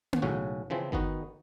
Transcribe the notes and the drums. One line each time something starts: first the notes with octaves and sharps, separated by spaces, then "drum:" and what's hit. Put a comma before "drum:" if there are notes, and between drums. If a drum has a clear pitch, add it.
drum: tom A#3
B1 A2 C#3 C#4 F#4
C#3 E3 F3 C4
D#3 B3 D#4 F#4, drum: kick G1